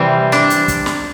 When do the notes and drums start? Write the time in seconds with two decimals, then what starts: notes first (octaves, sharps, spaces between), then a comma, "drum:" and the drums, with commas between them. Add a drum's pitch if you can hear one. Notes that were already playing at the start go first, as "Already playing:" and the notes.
Already playing: C3 E3 G3 C4
0.32 D4, drum: snare
0.50 drum: hi-hat
0.68 drum: kick, hi-hat
0.86 drum: snare